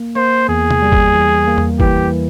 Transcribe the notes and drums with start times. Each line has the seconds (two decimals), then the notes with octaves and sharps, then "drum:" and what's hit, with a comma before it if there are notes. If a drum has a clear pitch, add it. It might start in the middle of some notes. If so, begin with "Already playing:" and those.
Already playing: A#3
0.16 A#3 C5
0.49 E2 G#4
0.71 drum: tom C3
0.82 G3
0.92 drum: kick
1.14 E3
1.47 A#3
1.58 drum: tom E2
1.80 E3 G4, drum: kick